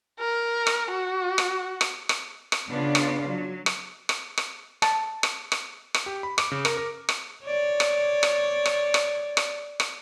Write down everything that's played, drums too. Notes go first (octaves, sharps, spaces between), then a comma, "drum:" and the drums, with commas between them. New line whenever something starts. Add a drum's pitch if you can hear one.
A#4
drum: rim click
F#4
drum: rim click
drum: rim click
drum: rim click
drum: rim click
C#3 B3 D4 F4 D5 F5
drum: rim click
F#3
drum: rim click
drum: rim click
drum: rim click
A5, drum: rim click
drum: rim click
drum: rim click
drum: rim click
G4
B5
D6, drum: rim click
C#3
A#4, drum: rim click
A#4
drum: rim click
C#5 D5
drum: rim click
drum: rim click
drum: rim click
drum: rim click
drum: rim click
drum: rim click